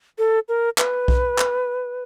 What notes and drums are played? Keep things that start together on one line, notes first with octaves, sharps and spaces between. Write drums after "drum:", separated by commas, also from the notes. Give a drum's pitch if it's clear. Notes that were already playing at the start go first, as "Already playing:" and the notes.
A4
A#4
B4, drum: clap
drum: kick B1
drum: clap